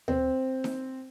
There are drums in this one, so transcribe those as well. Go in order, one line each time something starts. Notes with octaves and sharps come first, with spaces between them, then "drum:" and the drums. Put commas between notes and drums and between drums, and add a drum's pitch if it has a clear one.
C4, drum: tom D2
drum: snare D#4